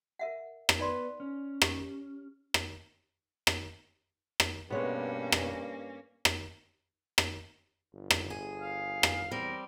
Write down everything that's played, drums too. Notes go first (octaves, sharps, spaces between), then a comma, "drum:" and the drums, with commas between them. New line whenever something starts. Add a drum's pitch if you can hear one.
A#4 E5 F#5
drum: rim click
B3 D#4 B4 D5 C6
C#4
G4 D6, drum: rim click
drum: rim click
drum: rim click
drum: rim click
G2 B2 G#3 A#3 B3 C#4 C#5
drum: rim click
drum: rim click
drum: rim click
G1
drum: rim click
G#4
F5
drum: rim click
E2 G3 C4 A#4